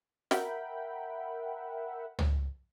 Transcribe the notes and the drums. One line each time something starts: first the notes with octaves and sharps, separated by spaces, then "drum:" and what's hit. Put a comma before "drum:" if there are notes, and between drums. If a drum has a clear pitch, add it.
A#4 E5 F#5 G5 B5, drum: snare
drum: tom